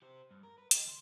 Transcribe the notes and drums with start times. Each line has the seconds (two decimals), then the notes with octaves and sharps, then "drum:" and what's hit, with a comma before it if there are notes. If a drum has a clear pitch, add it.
0.02 G4 C5
0.31 G2
0.43 A#4
0.58 B4
0.71 D#5 G5, drum: hi-hat
0.86 D2 C6